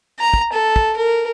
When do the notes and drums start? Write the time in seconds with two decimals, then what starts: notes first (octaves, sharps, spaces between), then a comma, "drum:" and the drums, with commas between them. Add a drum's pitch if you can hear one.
0.19 A#5
0.34 drum: kick
0.53 A4
0.76 drum: kick
0.97 A#4